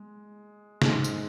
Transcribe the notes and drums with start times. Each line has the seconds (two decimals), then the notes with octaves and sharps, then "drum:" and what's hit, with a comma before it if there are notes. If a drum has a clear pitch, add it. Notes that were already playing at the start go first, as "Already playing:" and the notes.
Already playing: G#3
0.82 G#2 G#3, drum: snare
1.04 drum: tambourine